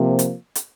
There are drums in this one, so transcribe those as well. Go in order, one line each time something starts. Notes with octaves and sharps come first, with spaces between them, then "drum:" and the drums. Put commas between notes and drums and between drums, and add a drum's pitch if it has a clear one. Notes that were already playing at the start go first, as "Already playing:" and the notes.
Already playing: C3 F3 A#3
drum: hi-hat
drum: hi-hat